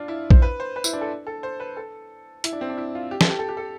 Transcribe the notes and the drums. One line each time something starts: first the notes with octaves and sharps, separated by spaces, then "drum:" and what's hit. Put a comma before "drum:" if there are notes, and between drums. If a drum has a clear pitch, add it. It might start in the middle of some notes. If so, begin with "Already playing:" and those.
Already playing: D4 F4
E4
C5, drum: kick
B4
C5
B4
E4, drum: tambourine
D4
A4
A4
C5
B4
A4
E4, drum: hi-hat
D4
C4
D4
E4
F4
G4
A4, drum: snare
G4
A4
G4
A4